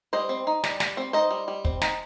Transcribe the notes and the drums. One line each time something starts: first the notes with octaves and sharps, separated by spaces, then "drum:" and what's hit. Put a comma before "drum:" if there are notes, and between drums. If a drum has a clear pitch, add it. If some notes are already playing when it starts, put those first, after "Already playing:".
G3 C5 D#5
C4
D#4
G3, drum: snare
G3, drum: snare
C4
D#4 C5 D#5
G3
G3
C4, drum: kick
D#4, drum: snare